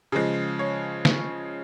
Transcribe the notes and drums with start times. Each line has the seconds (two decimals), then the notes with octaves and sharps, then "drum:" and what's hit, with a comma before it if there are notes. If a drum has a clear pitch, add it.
0.12 C#3 F3 G#3
0.59 C#5
1.05 drum: snare